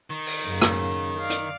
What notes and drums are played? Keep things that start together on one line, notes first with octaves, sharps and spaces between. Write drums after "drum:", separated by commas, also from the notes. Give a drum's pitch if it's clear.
D#3
drum: open hi-hat
F#2 C#3 A#3
drum: rim click
D5 F5
drum: hi-hat